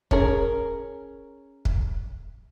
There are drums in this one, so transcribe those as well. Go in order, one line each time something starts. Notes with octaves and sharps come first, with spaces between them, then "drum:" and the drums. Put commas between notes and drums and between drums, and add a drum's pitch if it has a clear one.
C#4 G#4 A#4, drum: kick
drum: kick